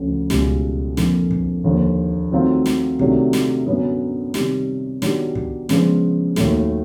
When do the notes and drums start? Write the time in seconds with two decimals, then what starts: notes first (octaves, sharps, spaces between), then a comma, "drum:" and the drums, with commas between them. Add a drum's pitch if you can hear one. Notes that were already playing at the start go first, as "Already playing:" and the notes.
Already playing: D2 C#3 F3
0.30 C#2 B2 G3, drum: snare
0.97 F2 D3 F3 A#3, drum: snare
1.31 drum: kick
1.64 D#2 D3 F3
2.32 D#3 F#3 A3 C4 F4
2.66 drum: snare
2.99 C3 D#3 F#3 A3 D4, drum: kick
3.33 drum: snare
3.66 F#2 D3 F#3 B3
4.34 C3 D#3 G3, drum: snare
5.02 D#3 F#3 B3 D4 G4, drum: snare
5.35 drum: kick
5.69 C#3 F3 G#3 B3 D4, drum: snare
6.36 D#2 D#3 F#3 A3, drum: snare